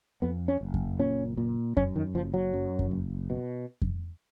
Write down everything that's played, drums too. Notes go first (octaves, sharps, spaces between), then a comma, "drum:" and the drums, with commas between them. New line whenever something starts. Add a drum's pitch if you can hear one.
F2 B3
C#4
F#1
drum: kick F2
A#2 C#4
A#2
F#2 C#4, drum: kick F2
D#3
F#1 F3
F#3
F#2
drum: kick F2
F#1
B2
drum: kick F2